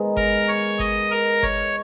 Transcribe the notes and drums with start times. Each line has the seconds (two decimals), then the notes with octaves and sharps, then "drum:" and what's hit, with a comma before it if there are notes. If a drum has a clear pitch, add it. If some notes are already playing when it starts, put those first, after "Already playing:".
Already playing: G#2 D#3 G#3 B3
0.17 A#4, drum: kick G1
0.48 C#5
0.79 D#5, drum: kick G1
1.11 A#4
1.43 C#5, drum: kick G1